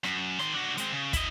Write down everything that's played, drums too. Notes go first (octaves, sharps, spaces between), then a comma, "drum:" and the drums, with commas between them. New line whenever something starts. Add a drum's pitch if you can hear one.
F#2, drum: rim click
D#3 C6, drum: rim click
D4 F#4
G#3 C4, drum: hi-hat
C#3
E4 D#5, drum: kick, hi-hat